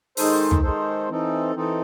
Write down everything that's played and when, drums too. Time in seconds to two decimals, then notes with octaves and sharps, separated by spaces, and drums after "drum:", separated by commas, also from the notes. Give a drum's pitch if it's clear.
0.17 D#3 G#3 D#4 A4 C5, drum: open hi-hat
0.51 drum: tom
0.63 D#3 G#3 D#4 A4 C5
1.09 E3 C4 D#4 A4
1.55 E3 C4 D#4 A4